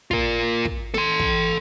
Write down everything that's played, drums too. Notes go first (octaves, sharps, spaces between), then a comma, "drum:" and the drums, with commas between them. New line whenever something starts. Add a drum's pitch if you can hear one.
F4 A#4, drum: kick
drum: kick
A4 C6, drum: snare
drum: kick